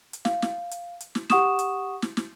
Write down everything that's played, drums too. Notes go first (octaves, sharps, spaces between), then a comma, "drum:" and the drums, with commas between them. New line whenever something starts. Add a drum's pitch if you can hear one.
drum: hi-hat
F5, drum: snare
drum: snare
drum: hi-hat
drum: hi-hat
drum: snare
G4 F#5 C#6 D#6 E7, drum: snare
drum: hi-hat
drum: snare
drum: snare